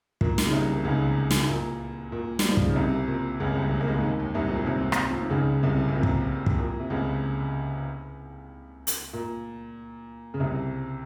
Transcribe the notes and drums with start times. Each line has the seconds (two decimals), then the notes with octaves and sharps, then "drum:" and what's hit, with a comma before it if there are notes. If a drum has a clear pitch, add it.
0.21 A#2, drum: kick
0.38 D#3, drum: snare
0.46 C#3
0.52 C2 C3
0.73 D#3
0.85 C#2 C#3
1.31 drum: snare
1.49 A#2
2.12 A#2
2.39 G3, drum: snare
2.48 F3
2.57 D#3, drum: kick
2.66 C#3
2.75 C2 C3
3.08 A#2
3.40 C#2 C#3
3.55 C2 C3
3.71 D#2 D#3
3.80 A#3
3.87 G#2 G#3
4.03 D#2 D#3
4.19 D#2 D#3
4.35 C2 C3
4.46 G#2
4.51 A#2
4.66 C2 C3
4.92 drum: rim click
5.11 F3
5.21 D#3
5.30 C#2 C#3
5.63 C2 C3
5.88 C3
5.94 A#2
6.03 drum: kick
6.46 drum: kick
6.58 A#2
6.80 C3
6.90 C#2 C#3
8.87 drum: hi-hat
9.13 A#2
10.34 C#3
10.40 C2 C3